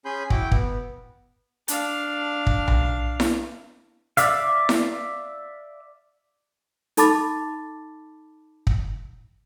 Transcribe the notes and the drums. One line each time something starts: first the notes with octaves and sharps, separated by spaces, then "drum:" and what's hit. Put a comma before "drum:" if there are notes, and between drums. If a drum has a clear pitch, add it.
C#4 G#4 G#5 B5 C6 G6
E4 F#4 G5 D6, drum: kick
B3, drum: kick
D4 F5, drum: hi-hat
drum: kick
drum: tom B1
drum: snare E4
D5 E5 F5, drum: hi-hat
drum: snare E4
D#4 A4 A5 B5 D6 A6, drum: hi-hat
drum: kick